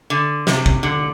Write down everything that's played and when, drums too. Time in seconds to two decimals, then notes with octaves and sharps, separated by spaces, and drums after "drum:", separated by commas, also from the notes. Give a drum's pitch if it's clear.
0.10 D3
0.47 C3, drum: snare
0.66 drum: kick
0.83 D3